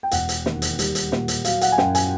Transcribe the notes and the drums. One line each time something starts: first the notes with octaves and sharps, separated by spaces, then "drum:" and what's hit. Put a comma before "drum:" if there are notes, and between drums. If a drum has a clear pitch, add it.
G5
E1 F#5, drum: hi-hat
drum: hi-hat
D#2, drum: snare
drum: hi-hat
G3, drum: hi-hat
drum: hi-hat
A#2, drum: snare
drum: hi-hat
F#3 F5, drum: hi-hat
F#5, drum: hi-hat
G#5
F#2 G5, drum: snare
G#5, drum: hi-hat